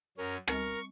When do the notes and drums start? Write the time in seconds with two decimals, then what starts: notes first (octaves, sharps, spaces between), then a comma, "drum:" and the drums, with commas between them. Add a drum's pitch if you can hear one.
0.17 F#2 C#4 A#4
0.48 G3 C4 A#4 C#6, drum: rim click